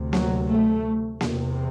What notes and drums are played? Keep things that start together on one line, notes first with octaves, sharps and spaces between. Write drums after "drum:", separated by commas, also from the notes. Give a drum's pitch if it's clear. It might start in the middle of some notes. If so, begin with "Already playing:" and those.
Already playing: D2 C3
F#3, drum: snare A#3
A3
E2 C3, drum: snare A#3